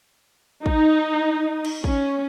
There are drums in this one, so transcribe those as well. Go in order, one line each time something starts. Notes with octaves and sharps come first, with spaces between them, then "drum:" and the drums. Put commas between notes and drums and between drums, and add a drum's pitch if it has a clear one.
D#4, drum: kick
drum: cymbal
C#4, drum: kick